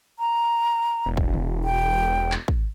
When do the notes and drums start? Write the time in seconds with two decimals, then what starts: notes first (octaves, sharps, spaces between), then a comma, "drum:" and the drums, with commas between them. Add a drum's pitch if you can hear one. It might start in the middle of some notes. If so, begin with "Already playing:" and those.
0.19 A#5
1.06 E1
1.17 drum: kick
1.34 drum: tom
1.64 G5
2.32 drum: clap
2.48 drum: kick